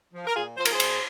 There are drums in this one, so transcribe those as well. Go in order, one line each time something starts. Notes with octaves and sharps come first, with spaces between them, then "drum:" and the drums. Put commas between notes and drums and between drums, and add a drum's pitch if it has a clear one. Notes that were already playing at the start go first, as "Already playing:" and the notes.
F3
A#4
A#2 F4 G#4
F3 C5
A#4, drum: cymbal
G#4 C5
A#2, drum: cymbal